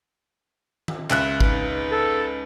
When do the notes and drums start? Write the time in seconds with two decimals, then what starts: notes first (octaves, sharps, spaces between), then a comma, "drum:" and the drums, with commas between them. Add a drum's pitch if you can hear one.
0.88 drum: tom D#3
1.10 C#2 E5 F#6, drum: clap
1.41 D#4 B4, drum: kick
1.91 A4